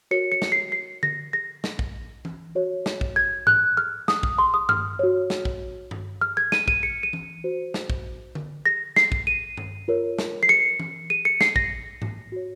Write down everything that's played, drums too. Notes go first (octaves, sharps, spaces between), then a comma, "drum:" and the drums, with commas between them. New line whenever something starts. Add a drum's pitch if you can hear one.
F#4 A#4 C#5 C#7
C#7
drum: snare
C7
C7
A#6, drum: tom D3
A#6
drum: snare
drum: kick
drum: tom E3
F#4 C#5
drum: snare
drum: kick
G#6
F#6, drum: tom G#2
F6
D#6, drum: snare
drum: kick
C6
D#6
F6, drum: tom G2
F#4 C#5
drum: snare
drum: kick
drum: tom G2
F6
G#6
D#7, drum: snare
D#7, drum: kick
C#7
D#7
drum: tom E3
F#4 C5
drum: snare
drum: kick
drum: tom D3
A#6
C7, drum: snare
drum: kick
D#7
drum: tom G2
F4 A#4 C#5
drum: snare
C7
C#7
drum: tom E3
D#7
C#7
C7, drum: snare
A#6, drum: kick
drum: tom G#2
F#4 C#5